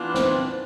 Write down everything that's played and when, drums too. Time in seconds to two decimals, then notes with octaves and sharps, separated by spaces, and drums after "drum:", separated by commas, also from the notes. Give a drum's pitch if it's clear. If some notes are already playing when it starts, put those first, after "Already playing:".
Already playing: E3 B3 D4 F4
0.14 C4, drum: snare